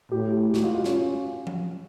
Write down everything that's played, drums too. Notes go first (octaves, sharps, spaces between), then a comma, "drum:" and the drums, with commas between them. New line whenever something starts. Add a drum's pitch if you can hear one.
A2 G4
F#4, drum: snare
F4
F4
C#4, drum: snare
drum: tom F3